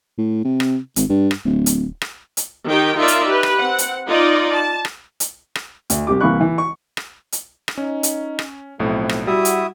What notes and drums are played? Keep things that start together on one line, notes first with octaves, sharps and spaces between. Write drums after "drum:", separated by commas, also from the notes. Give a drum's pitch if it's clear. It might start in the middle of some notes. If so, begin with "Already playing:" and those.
A2
C3
drum: rim click
G#1, drum: hi-hat
G2
drum: rim click
D1
drum: hi-hat
drum: rim click
drum: hi-hat
D#3 D#4 G4 G5
D#4 F4 A#4 D5 E5
drum: hi-hat
G4 B4
drum: rim click
C4 F#5
drum: hi-hat
D#4 F4 D5 D#5
A5
drum: rim click
drum: hi-hat
drum: rim click
D2, drum: hi-hat
C2 G4 D6
C2 E3 A#3 B5 C#6 F#6
E3
C#6
drum: rim click
drum: hi-hat
drum: rim click
C#4 D#4
drum: hi-hat
drum: rim click
B1 A2 F3 A3 C4
drum: rim click
G3 E4 F#4 E5 D#6
drum: hi-hat